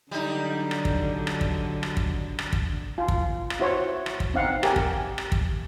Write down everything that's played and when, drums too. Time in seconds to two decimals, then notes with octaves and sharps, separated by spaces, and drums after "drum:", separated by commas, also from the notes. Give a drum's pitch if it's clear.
0.11 D3 F#3 G3 D#4
0.71 drum: rim click
0.85 drum: kick
1.27 drum: rim click
1.41 drum: kick
1.83 drum: rim click
1.97 drum: kick
2.39 drum: rim click
2.53 drum: kick
2.98 F4
3.08 drum: kick
3.50 drum: rim click
3.60 E4 F#4 C5 C#5
4.06 drum: rim click
4.20 drum: kick
4.34 C4 D#4 F5 F#5
4.63 G4 A#4 G#5, drum: rim click
4.76 drum: kick
5.18 drum: rim click
5.32 drum: kick